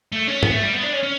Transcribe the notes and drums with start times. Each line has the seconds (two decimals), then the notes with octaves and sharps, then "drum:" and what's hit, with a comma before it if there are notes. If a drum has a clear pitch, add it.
0.12 A3
0.28 C#4
0.43 B3, drum: tom
0.52 A3
0.63 G3
0.73 B3
0.83 D4
0.93 C#4
1.03 C#4